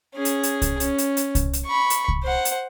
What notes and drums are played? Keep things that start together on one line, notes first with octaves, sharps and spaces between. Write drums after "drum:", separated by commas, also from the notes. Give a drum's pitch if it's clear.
C#4 G#4
drum: hi-hat
drum: hi-hat
drum: kick C2, hi-hat
C#4, drum: hi-hat
drum: hi-hat
drum: hi-hat
drum: kick C2, hi-hat
drum: hi-hat
B5 C#6
drum: hi-hat
drum: kick C2
C5 F#5
drum: hi-hat